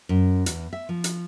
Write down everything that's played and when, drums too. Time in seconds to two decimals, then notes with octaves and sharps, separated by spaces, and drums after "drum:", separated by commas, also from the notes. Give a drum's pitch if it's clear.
0.09 F#2
0.46 E2, drum: hi-hat
0.73 E5
0.89 F3
1.04 drum: hi-hat